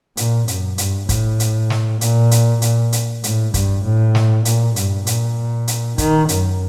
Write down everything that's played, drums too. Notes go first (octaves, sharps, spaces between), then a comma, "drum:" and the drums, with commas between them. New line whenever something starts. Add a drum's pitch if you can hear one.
A#2, drum: hi-hat
F#2, drum: hi-hat
G2, drum: hi-hat
A2, drum: kick, hi-hat
drum: hi-hat
drum: snare
A#2, drum: hi-hat
drum: hi-hat
A#2, drum: hi-hat
drum: hi-hat
A2, drum: hi-hat
G2, drum: kick, hi-hat
A2
drum: snare
A#2, drum: hi-hat
G2, drum: hi-hat
A#2, drum: hi-hat
drum: hi-hat
D#3, drum: kick, hi-hat
F#2, drum: hi-hat